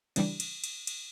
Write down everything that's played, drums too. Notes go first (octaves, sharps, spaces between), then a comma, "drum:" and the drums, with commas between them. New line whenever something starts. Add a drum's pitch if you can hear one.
C#3 E3 G3 D4, drum: cymbal
drum: cymbal
drum: cymbal
drum: cymbal